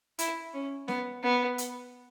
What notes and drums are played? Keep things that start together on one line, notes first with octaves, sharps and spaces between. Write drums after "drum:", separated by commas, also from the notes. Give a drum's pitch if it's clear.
E4, drum: hi-hat
C#4
B3, drum: snare
B3
drum: hi-hat